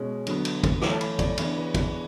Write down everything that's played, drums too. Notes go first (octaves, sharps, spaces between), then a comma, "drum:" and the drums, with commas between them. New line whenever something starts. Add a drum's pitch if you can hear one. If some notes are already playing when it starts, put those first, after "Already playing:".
Already playing: B2 G#3 C#4
D3 F#3 B3, drum: cymbal
drum: cymbal
drum: kick, cymbal
E3 A3 C#4 D6, drum: snare
A5
B5, drum: cymbal
D5, drum: kick, cymbal
C#3 E3 B3 D4 C#5, drum: cymbal
B4
B4, drum: kick, cymbal